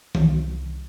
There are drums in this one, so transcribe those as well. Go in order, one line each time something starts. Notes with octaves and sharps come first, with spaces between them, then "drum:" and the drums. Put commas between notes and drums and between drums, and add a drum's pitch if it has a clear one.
C2, drum: tom D#3